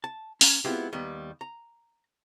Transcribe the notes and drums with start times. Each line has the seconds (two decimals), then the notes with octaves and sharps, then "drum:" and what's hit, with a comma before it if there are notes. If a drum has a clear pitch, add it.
0.04 A5
0.41 A#3 C#4, drum: open hi-hat
0.65 G#3 B3 C4 E4 F4 G4
0.93 D#2 G3 B3
1.41 A#5